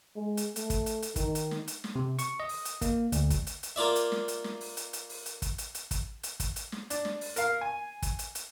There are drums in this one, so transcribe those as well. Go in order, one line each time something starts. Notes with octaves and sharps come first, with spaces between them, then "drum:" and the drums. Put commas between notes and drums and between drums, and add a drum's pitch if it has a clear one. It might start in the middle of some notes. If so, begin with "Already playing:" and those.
G#3
drum: hi-hat
A3, drum: hi-hat
drum: kick, hi-hat
drum: hi-hat
drum: hi-hat
D#3, drum: kick, hi-hat
drum: hi-hat
drum: snare
drum: hi-hat
drum: snare
C3
C#6, drum: hi-hat
D#5
drum: open hi-hat
drum: hi-hat
A#3, drum: kick, hi-hat
D2, drum: hi-hat
drum: kick, hi-hat
drum: hi-hat
drum: hi-hat
A#3 F4 D5 E5
drum: hi-hat
drum: snare
drum: hi-hat
drum: snare
drum: open hi-hat
drum: hi-hat
drum: hi-hat
drum: open hi-hat
drum: hi-hat
drum: kick, hi-hat
drum: hi-hat
drum: hi-hat
drum: kick, hi-hat
drum: hi-hat
drum: kick, hi-hat
drum: hi-hat
drum: snare
D4, drum: hi-hat
drum: snare
drum: open hi-hat
A#4 F5, drum: hi-hat
G#5
drum: kick, hi-hat
drum: hi-hat
drum: hi-hat